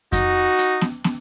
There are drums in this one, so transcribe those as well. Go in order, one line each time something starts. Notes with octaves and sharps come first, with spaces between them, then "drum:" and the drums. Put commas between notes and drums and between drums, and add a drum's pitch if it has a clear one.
D#4 F#4, drum: kick F2, hi-hat
drum: hi-hat
drum: snare
drum: snare